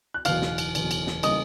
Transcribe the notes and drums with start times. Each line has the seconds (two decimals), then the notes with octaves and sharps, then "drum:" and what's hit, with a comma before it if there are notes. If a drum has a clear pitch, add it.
0.14 F#6
0.25 F#1 E2 B2 F5 F6, drum: cymbal
0.42 drum: snare
0.58 drum: cymbal
0.75 F#1 E2 B2, drum: cymbal
0.91 drum: cymbal
1.07 drum: snare
1.23 C#3 E3 G3 A#3 D#5 D#6, drum: cymbal